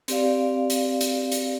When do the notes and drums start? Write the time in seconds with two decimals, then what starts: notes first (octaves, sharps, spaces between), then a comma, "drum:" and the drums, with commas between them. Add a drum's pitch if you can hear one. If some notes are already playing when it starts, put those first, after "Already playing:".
0.08 C4 G4 D5 F5, drum: hi-hat
0.70 drum: hi-hat
1.01 drum: hi-hat
1.32 drum: hi-hat